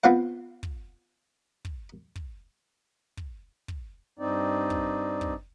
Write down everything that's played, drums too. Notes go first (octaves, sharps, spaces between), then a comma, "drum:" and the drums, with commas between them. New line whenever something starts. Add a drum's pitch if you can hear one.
B3 C4 F4 C5 F5 F#5
drum: kick
drum: kick
drum: kick
drum: kick
drum: kick
G2 C4 D#4 D5
drum: kick
drum: kick